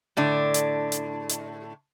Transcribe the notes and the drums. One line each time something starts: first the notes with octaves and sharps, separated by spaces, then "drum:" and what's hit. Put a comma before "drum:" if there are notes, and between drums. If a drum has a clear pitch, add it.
A2 D3 D4
drum: hi-hat
drum: hi-hat
drum: hi-hat